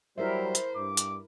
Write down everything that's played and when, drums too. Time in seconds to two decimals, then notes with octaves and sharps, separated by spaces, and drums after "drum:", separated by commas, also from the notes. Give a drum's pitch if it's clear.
0.18 F#3 G3 E4 A#4 C5 E5
0.55 drum: hi-hat
0.76 G2 D6
0.97 drum: hi-hat